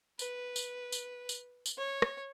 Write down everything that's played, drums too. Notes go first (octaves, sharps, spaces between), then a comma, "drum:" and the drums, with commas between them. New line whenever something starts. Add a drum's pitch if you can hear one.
B4, drum: tambourine
drum: tambourine
drum: tambourine
drum: tambourine
drum: tambourine
C#5
drum: rim click